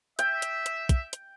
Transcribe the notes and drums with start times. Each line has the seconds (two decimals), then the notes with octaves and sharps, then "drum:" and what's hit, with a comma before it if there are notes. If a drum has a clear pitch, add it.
0.19 E5 G5, drum: hi-hat
0.42 drum: hi-hat
0.66 drum: hi-hat
0.89 drum: kick, hi-hat
1.13 drum: hi-hat